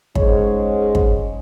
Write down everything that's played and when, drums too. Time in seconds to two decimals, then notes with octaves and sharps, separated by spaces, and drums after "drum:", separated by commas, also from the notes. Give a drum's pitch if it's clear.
0.15 G#2 G#3 C#4 C#5, drum: kick
0.95 drum: kick